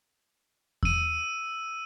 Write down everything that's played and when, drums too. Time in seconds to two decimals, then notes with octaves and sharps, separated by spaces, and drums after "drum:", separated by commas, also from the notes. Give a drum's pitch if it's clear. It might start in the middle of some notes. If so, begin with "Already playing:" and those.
0.83 E6 D#7, drum: kick E2